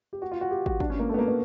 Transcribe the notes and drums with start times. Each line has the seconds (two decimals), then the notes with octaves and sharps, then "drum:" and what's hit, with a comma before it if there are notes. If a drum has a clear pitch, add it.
0.13 G4
0.22 F#4
0.32 F4
0.41 F#4
0.51 G4
0.66 F#4, drum: kick
0.80 D4, drum: kick
0.90 C#4
0.99 A#3
1.09 A3
1.14 B3
1.19 A#3
1.28 B3